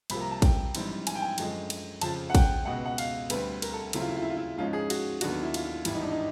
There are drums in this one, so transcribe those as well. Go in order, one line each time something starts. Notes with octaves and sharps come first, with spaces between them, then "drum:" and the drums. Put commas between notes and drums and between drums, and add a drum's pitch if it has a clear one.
C2 C3 F3 A#3 B5, drum: cymbal
A#5
A5
G5, drum: kick, cymbal
A#1 G#2 E3 G3 C4, drum: cymbal
G#5, drum: cymbal
G5
G#5
F#2 D3 F3 G#3, drum: cymbal
drum: cymbal
F2 C#3 F3 A5, drum: cymbal
F#5
G5, drum: kick, cymbal
C#2 B2 G#3 B3 F#5
F#5
F5, drum: cymbal
D2 D3 G3 C4 B4, drum: cymbal
A#4, drum: cymbal
A4
D#2 C#3 F#3 A3 C4 E4, drum: cymbal
F4
E4
F4
E4
F4
E4
G#2 F3 G#3 C#4 F4
G#4
F#4, drum: cymbal
D#2 D3 F#3 B3 D4 F#4, drum: cymbal
E4
F4, drum: cymbal
E4
G#1 G2 E3 G3 E4, drum: cymbal
D#4
D4
D#4